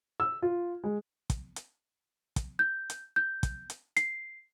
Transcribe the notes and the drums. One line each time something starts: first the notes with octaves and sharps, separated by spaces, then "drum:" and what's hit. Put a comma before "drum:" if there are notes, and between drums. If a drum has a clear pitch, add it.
E6
F4
G#3
drum: kick, hi-hat
drum: hi-hat
drum: kick, hi-hat
G6
drum: hi-hat
G6
drum: kick, hi-hat
drum: hi-hat
C7, drum: hi-hat